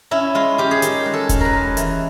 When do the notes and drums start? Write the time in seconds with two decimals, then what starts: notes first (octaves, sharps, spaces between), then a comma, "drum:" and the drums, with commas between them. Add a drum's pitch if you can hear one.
0.11 C#4 E4
0.35 G#3 F4
0.58 C#4 G4
0.71 G#4
0.82 D#3 G4, drum: hi-hat
1.06 G#3
1.14 A4
1.29 C#4, drum: kick E1, hi-hat
1.41 A#4 B4
1.53 G#3
1.77 E3, drum: hi-hat